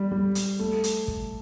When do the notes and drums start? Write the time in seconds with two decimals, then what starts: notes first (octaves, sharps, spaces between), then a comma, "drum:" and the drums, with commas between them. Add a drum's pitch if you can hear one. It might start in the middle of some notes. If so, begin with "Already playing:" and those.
Already playing: G3
0.12 G3
0.35 drum: hi-hat
0.59 A3
0.84 drum: hi-hat
1.08 drum: kick